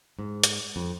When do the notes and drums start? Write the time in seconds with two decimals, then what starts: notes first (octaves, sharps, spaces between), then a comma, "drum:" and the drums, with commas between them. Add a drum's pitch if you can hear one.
0.19 G#2
0.44 drum: hi-hat
0.76 F2